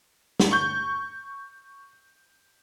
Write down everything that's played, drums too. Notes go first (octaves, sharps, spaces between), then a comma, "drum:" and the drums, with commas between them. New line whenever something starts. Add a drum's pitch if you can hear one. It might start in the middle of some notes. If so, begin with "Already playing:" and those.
drum: snare
C#6 G6